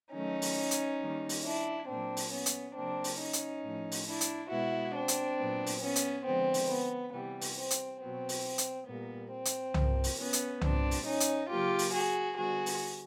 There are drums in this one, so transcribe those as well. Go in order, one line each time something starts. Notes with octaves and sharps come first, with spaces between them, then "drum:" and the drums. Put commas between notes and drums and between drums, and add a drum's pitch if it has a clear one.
D#3 F#3 A3 C#4 D#4
drum: open hi-hat
drum: hi-hat
D#3 G3 A#3
drum: open hi-hat
D4 E4
A#2 F#3 A#3 C4 D4
drum: open hi-hat
B3 C#4
drum: hi-hat
C#3 F#3 A#3 C4 D4
drum: open hi-hat
C#4 D#4
drum: hi-hat
A2 F3 A3
drum: open hi-hat
D4 E4
drum: hi-hat
B2 G#3 B3 E4 F#4
C4 D4
drum: hi-hat
A#2 F#3 B3
drum: open hi-hat
B3 C#4
drum: hi-hat
D3 F3 G#3 B3 C4
drum: open hi-hat
B3
C3 E3 G3 B3
drum: open hi-hat
C4
drum: hi-hat
B2 F#3 B3 C4
drum: open hi-hat
drum: hi-hat
A#2 G3 A#3 B3
C4
drum: hi-hat
C3 F3 A#3, drum: tom C2
drum: open hi-hat
B3 C#4
drum: hi-hat
A#2 G3 B3 C4 D4, drum: tom C2
drum: open hi-hat
C#4 D#4
drum: hi-hat
C#3 F#3 A#3 F4 G4
drum: open hi-hat
F#4 G#4
D3 G3 B3 F#4 G#4
drum: open hi-hat